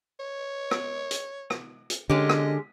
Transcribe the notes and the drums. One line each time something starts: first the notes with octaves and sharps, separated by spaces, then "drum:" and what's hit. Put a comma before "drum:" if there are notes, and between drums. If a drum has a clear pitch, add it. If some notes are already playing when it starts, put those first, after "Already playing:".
C#5
drum: rim click
drum: hi-hat
drum: rim click
drum: hi-hat
D3 G#3 C#4 G4 D#5
drum: rim click